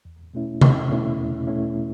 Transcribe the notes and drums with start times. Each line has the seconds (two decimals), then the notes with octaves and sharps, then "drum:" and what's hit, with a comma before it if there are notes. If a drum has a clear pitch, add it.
0.05 E2
0.34 B2 A3 C#4 E4
0.61 E2, drum: tom C3
0.90 B2 A3 C#4 E4
1.18 E2
1.47 B2 A3 C#4 E4